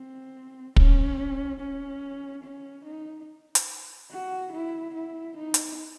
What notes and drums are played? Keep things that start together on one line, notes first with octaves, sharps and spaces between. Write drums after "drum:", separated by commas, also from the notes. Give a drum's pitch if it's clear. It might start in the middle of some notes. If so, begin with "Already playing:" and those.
Already playing: C4
C#4, drum: kick
C#4
C#4
D#4
drum: hi-hat
F#4
E4
E4
D#4
drum: hi-hat